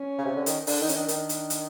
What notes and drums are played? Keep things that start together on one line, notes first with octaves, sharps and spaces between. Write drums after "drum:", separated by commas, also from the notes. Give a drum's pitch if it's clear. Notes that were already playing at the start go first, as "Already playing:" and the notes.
Already playing: C#4
C#3
C3
D3
D#3, drum: hi-hat
D3 D4, drum: open hi-hat
D#3 D#4
C#4, drum: hi-hat
D#3 D4
D#3 D4, drum: hi-hat
drum: hi-hat
drum: hi-hat